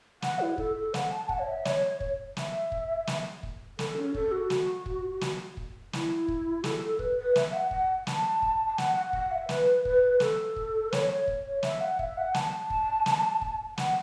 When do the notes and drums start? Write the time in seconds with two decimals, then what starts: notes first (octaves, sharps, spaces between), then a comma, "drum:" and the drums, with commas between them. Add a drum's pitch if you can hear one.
0.22 F#5, drum: snare
0.40 E4
0.58 A4, drum: kick
0.76 A4
0.94 F#5, drum: snare
1.12 A5
1.29 F#5, drum: kick
1.39 C#5
1.47 E5
1.65 C#5, drum: snare
2.00 drum: kick
2.37 E5, drum: snare
2.72 drum: kick
3.07 drum: snare
3.43 drum: kick
3.79 A4, drum: snare
3.97 C#4
4.14 A4, drum: kick
4.32 F#4
4.50 drum: snare
4.86 drum: kick
5.21 drum: snare
5.57 drum: kick
5.93 E4, drum: snare
6.28 drum: kick
6.64 A4, drum: snare
6.82 A4
6.99 B4, drum: kick
7.18 B4
7.36 E5, drum: snare
7.53 F#5
7.71 F#5, drum: kick
8.07 A5, drum: snare
8.42 drum: kick
8.67 A5
8.78 F#5, drum: snare
8.96 F#5
9.13 F#5, drum: kick
9.31 E5
9.49 B4, drum: snare
9.85 B4, drum: kick
10.20 A4, drum: snare
10.56 drum: kick
10.93 C#5, drum: snare
11.09 C#5
11.28 drum: kick
11.46 C#5
11.63 E5, drum: snare
11.80 F#5
11.99 E5, drum: kick
12.17 F#5
12.34 A5, drum: snare
12.70 drum: kick
13.06 drum: snare
13.42 drum: kick
13.78 F#5, drum: snare